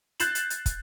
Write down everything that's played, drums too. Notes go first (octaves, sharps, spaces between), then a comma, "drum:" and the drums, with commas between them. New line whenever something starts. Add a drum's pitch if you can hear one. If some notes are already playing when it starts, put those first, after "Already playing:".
F#6 G6 A6 C7 E7 F#7, drum: hi-hat
drum: hi-hat
drum: hi-hat
drum: kick, hi-hat